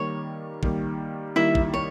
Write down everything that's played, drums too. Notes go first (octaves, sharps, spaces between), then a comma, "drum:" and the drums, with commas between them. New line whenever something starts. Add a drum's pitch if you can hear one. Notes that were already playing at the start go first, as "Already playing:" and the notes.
Already playing: D#3 G3 A#3 C#5
D#3 G3 A#3, drum: kick
D#3 G3 A#3 E4 E5
drum: kick
C#5